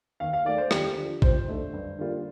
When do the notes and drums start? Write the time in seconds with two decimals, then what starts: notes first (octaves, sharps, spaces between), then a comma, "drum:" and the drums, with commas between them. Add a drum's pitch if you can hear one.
0.20 D#2 F5
0.33 F5
0.45 D#3 A3 D5
0.58 C5
0.71 D#2 G4, drum: rim click
0.97 D3 F3
1.22 F2 C5, drum: kick
1.48 D3 A3 D#4
1.73 G2
1.98 D3 G3 A#3 F4